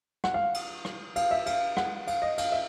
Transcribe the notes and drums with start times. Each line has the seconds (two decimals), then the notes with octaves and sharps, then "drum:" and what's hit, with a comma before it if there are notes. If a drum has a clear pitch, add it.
0.24 F#5, drum: rim click
0.34 F5
0.54 drum: cymbal
0.85 drum: rim click
1.16 F5, drum: cymbal
1.31 E5
1.46 F5, drum: cymbal
1.77 F#5, drum: rim click
2.07 F5, drum: cymbal
2.22 D#5
2.38 F5, drum: cymbal
2.52 E5